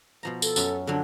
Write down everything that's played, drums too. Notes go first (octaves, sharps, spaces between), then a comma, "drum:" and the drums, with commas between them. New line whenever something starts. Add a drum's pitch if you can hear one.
B2 F3 A#5
A4, drum: tambourine
F#2 C#4, drum: tambourine
D3 F3 F#3 D4